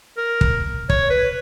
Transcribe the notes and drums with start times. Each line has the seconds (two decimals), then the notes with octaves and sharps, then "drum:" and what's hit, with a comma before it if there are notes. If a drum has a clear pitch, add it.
0.17 A#4
0.41 drum: kick
0.90 C#5, drum: kick
1.10 B4